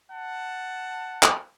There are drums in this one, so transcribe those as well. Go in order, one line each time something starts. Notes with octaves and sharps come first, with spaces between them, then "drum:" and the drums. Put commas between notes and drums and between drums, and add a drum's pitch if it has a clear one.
F#5 A5
drum: clap